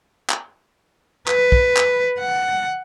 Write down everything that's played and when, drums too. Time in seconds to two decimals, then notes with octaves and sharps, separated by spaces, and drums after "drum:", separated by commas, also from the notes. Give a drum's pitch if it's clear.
0.30 drum: clap
1.28 B4, drum: clap
1.52 drum: kick
1.77 drum: clap
2.18 F#5